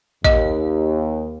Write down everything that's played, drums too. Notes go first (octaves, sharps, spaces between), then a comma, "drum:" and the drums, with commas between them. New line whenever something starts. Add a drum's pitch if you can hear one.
D#2 D#5, drum: kick